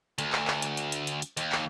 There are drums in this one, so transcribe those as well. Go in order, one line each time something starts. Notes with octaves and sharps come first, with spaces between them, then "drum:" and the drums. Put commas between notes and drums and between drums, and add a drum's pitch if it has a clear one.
D2, drum: hi-hat
drum: clap
drum: clap
drum: hi-hat
drum: hi-hat
drum: hi-hat
drum: hi-hat
drum: hi-hat
D#2, drum: hi-hat
drum: clap